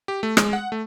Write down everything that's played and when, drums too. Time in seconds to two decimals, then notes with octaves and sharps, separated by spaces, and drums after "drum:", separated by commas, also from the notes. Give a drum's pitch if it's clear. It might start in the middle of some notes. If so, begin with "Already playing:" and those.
0.08 G4
0.23 A3
0.37 G#3, drum: rim click
0.53 F#5
0.72 A3